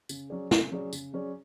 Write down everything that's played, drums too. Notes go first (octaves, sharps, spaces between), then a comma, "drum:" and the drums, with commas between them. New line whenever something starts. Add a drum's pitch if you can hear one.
C#3, drum: tambourine
F#3 C#4 G#4 D5
C#3, drum: snare
F#3 C#4 G#4 D5
C#3, drum: tambourine
F#3 C#4 G#4 D5